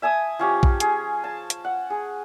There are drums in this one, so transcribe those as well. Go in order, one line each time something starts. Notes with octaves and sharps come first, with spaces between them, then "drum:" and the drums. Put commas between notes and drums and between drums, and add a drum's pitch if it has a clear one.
E5 G#5 A5 D#6
F3 C#4 G4
drum: kick A#1
G#4, drum: hi-hat
A5
drum: hi-hat
F#5
G#4